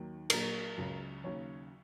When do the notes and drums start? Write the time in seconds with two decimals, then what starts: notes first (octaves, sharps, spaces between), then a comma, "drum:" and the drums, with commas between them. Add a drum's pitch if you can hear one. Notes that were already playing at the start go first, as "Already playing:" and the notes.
Already playing: D#2 D#3 F#3
0.30 A#1 A#2 F#3 A#4, drum: cymbal
0.77 C#2 C#3 F#3
1.24 D#2 C#3 F#3 C#5